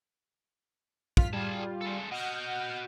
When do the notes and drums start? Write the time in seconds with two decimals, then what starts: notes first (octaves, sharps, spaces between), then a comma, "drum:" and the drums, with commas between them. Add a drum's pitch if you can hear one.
1.17 F4 F6 B6, drum: kick
1.33 G3 F4 G#4 A5
1.81 G#3 A4
2.12 F#4 D#5 F#5 F6 G6